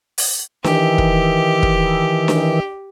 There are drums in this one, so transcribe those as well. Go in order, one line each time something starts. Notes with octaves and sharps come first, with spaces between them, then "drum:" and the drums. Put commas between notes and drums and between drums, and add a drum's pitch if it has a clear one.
drum: open hi-hat
D#3 E3 G4, drum: snare D4
drum: kick
drum: kick
drum: snare D4